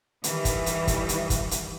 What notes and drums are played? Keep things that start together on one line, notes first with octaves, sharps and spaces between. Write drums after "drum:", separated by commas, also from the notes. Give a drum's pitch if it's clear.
D#3 E3 G3, drum: hi-hat
drum: kick, hi-hat
drum: hi-hat
drum: kick, hi-hat
drum: hi-hat
drum: kick, hi-hat
drum: hi-hat